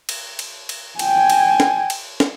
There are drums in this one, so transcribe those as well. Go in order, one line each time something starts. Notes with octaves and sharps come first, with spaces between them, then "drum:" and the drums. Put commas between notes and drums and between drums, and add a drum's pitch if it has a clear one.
drum: cymbal
drum: cymbal
drum: cymbal
G5 G#5, drum: cymbal
drum: cymbal
drum: snare
drum: cymbal
drum: snare